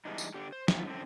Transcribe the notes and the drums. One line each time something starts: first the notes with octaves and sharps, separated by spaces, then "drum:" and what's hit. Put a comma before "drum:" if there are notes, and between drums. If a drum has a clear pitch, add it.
E3 G3 G#3 B3 D4 D#4
drum: tambourine
D3 G4
C5
F3 F#3 B3 D#4 F4, drum: snare
F#2 D3 C4